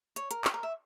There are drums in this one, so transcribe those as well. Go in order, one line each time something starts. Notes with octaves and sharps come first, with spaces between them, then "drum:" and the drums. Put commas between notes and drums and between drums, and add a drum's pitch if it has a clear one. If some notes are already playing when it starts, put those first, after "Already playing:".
C#5, drum: hi-hat
A#4, drum: hi-hat
G4, drum: clap
A#4
E5